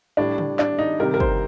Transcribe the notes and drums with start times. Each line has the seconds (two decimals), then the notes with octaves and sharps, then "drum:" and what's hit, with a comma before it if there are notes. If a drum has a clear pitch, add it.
0.17 A2 G3 D4
0.38 drum: tom C#3
0.59 D4, drum: clap
0.78 D#4
1.00 C3 D#3 G3 A#4
1.14 A#4
1.20 C5, drum: kick